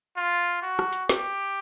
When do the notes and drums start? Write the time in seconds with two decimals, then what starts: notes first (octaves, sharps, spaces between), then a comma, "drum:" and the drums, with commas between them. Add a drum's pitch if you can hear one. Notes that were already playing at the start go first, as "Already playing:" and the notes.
0.17 F4
0.63 F#4
0.79 drum: rim click
0.93 drum: hi-hat
1.09 G4, drum: snare